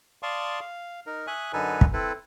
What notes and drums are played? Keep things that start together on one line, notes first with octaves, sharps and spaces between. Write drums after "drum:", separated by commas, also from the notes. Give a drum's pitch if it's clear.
D5 F5 A5 C6 C#6 D#6
F5
D#4 A#4
E5 G#5 C#6 D#6 F#6
F#2 D3 D#4 A4 B4 G#5
drum: kick
C4 E4 A4 B4